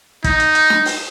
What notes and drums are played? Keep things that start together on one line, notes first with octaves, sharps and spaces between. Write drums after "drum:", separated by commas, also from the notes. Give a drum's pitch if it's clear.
D#4, drum: kick, hi-hat
drum: hi-hat
drum: hi-hat
drum: snare
drum: open hi-hat